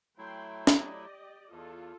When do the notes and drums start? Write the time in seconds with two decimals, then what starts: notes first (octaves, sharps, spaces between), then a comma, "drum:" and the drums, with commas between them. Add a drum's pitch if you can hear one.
0.18 F#3 A3 E4 G5 C6
0.67 G4 D5 D#5, drum: snare D4
1.52 E2 F4 A4